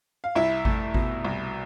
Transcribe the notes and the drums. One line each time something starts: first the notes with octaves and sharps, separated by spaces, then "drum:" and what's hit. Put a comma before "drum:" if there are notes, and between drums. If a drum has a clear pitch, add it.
F5
C2 E4 E5
A3, drum: kick G#1
B2, drum: kick G#1
C2